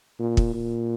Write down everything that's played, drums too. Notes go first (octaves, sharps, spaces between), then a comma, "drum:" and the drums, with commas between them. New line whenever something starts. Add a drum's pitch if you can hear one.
A#2
drum: kick
A#2